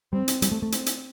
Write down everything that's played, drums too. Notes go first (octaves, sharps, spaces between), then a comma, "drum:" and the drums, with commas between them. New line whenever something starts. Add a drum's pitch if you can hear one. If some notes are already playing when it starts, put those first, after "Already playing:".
G3 C4
drum: hi-hat
G3, drum: hi-hat
A3
A3
C4, drum: hi-hat
drum: hi-hat